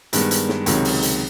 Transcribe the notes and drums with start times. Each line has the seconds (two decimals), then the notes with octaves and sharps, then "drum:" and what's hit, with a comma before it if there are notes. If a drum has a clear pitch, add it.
0.13 G2 D#3 G#3 B3, drum: hi-hat
0.31 drum: hi-hat
0.49 drum: snare
0.66 C#2 C3 D#3 F#3, drum: hi-hat
0.85 drum: open hi-hat
1.03 drum: hi-hat